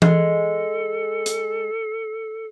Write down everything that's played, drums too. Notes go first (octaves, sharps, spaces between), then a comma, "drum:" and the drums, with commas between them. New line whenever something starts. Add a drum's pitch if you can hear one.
G#3 A4, drum: tom E3
drum: hi-hat